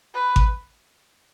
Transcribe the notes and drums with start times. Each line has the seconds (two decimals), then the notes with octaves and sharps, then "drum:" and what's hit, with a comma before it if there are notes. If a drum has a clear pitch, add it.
0.14 B4
0.36 drum: kick G#1